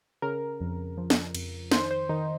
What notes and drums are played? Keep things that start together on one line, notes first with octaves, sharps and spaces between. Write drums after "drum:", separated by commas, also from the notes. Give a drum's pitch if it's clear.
C#3 A#4
F2
F3
drum: snare
F2, drum: cymbal
D#3 C5, drum: snare
C5
D#3 D#4